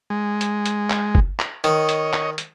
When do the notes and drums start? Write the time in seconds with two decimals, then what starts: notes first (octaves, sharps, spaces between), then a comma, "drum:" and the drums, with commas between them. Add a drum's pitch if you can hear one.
0.10 G#3
0.41 drum: hi-hat
0.66 drum: hi-hat
0.90 drum: clap
1.15 drum: kick
1.39 drum: clap
1.64 D#3 C#5 D#5, drum: hi-hat
1.89 drum: hi-hat
2.13 drum: clap
2.38 drum: hi-hat